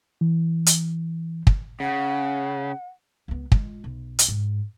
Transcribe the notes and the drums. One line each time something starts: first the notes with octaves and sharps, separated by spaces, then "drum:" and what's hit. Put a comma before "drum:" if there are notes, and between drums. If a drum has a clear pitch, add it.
E3
drum: hi-hat
drum: kick
C#3 F#5
C#2 B3
G#3 F4, drum: kick
B1
drum: hi-hat
G#2